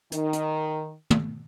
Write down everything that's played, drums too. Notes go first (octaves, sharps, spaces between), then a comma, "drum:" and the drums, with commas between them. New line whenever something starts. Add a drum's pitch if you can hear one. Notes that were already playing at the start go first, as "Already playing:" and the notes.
D#3, drum: hi-hat
drum: hi-hat
drum: tom